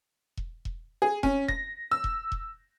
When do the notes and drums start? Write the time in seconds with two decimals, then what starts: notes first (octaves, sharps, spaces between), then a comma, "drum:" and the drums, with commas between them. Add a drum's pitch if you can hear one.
0.37 drum: kick E1
0.65 drum: kick E1
1.02 G#4
1.23 C#4, drum: kick E1
1.48 A#6, drum: kick E1
1.91 E6
2.04 drum: kick E1
2.32 drum: kick E1